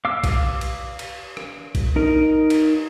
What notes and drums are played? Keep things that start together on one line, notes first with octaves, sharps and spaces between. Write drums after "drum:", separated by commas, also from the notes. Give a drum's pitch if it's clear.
F5 D6 E6
drum: kick A#1, cymbal
drum: cymbal
drum: cymbal
drum: rim click
drum: kick A#1, cymbal
D#4 A#4
drum: cymbal